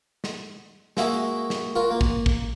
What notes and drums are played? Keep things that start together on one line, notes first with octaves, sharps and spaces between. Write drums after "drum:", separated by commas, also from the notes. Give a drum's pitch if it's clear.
drum: snare
G#3 A#3 E4 F#4 D#5, drum: snare
drum: snare
F4 F#4 A#4
A#3
drum: kick
drum: kick